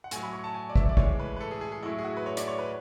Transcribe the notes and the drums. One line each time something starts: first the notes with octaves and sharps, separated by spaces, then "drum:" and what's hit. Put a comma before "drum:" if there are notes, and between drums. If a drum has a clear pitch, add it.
F#5
A2 F#3 G#5, drum: hi-hat
B5
C#6
A5
G#5
D5
E5, drum: kick
D5
A2 E3 G#3 C#5, drum: kick
B4
B4
A4
G#4
G#4
G#4
A2 F#3 E4
G#4
F#4
B4
C#5
D5, drum: hi-hat
C#5
B4